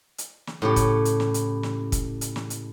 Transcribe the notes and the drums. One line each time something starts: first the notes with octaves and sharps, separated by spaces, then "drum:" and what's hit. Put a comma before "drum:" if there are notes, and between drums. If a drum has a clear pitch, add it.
drum: hi-hat
drum: snare
A2 C#3 G4
drum: kick, hi-hat
drum: hi-hat
drum: snare
drum: hi-hat
drum: snare
drum: kick, hi-hat
drum: hi-hat
drum: snare
drum: hi-hat